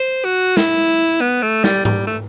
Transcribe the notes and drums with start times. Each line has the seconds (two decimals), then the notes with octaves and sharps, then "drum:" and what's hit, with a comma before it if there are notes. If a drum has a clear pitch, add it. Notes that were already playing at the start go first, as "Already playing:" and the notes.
Already playing: C5
0.25 F#4
0.57 E4, drum: snare
1.21 B3
1.42 A3
1.64 G3, drum: snare
1.85 G3, drum: tom G#2
2.07 A3